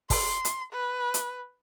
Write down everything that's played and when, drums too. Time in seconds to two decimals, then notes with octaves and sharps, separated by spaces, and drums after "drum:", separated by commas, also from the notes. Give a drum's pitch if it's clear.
0.10 C6, drum: kick, open hi-hat
0.45 drum: hi-hat
0.73 B4
1.14 drum: hi-hat